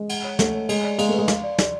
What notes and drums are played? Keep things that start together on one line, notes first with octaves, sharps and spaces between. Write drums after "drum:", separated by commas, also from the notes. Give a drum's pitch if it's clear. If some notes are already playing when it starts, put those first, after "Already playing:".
Already playing: G#3
F#5, drum: cymbal
C#5
A3 F#5, drum: snare
C#5
G#3 G#5, drum: cymbal
D5
G#3 F5, drum: cymbal
A3
B4
G#3
F5, drum: snare
D5
D5, drum: snare